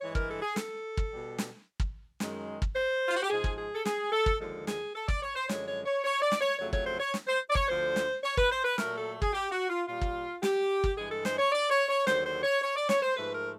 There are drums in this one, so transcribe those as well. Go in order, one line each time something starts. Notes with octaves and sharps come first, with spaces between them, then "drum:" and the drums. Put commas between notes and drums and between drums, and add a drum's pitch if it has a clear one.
G2 E3 G#3 C#5
A#4, drum: kick
A4
G#4
A4, drum: snare
drum: kick
B2 G3
drum: snare
drum: kick
F#2 D#3 G#3, drum: snare
drum: kick
C5
F4
F#4
G4
G#2 F3 G#3 G#4
drum: kick
G#4
A4
G#4, drum: snare
A4
drum: kick
D#2 D3 F3 G#3 A4
G#4, drum: snare
A4
D5, drum: kick
C#5
C5
F#2 D3 F3 G#3 C#5, drum: snare
C#5
C#5
C#5
D5
drum: snare
C#5
F2 C#3 F#3 A3 C#5
C#5, drum: kick
C5
C#5
drum: snare
C5
D5
C#5, drum: kick
D2 D3 F3 C5
drum: snare
C#5
B4, drum: kick
C5
B4
A#2 F#3 A3 A#4, drum: snare
A4
G#4, drum: kick
G4
F#4
F4
A#2 G3 F4
drum: kick
G4, drum: snare
drum: kick
G2 E3 G#3 G#4
A4
C5, drum: snare
C#5
D5
C#5
C#5
D#2 D3 F#3 C5, drum: snare
C5
C#5
C#5
D5
C#5, drum: snare
C5
G#2 F3 A3 B4
A#4